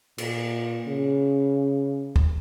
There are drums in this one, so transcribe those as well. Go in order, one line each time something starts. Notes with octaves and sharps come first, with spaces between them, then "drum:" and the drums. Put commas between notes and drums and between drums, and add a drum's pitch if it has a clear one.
A#2, drum: cymbal
C#3
drum: kick